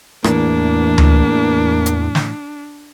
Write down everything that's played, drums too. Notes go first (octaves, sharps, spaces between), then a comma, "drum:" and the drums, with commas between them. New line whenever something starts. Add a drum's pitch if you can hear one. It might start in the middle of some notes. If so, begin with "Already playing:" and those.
E2 A2 E3 A#3 D4, drum: rim click
drum: tom D2
drum: hi-hat
drum: snare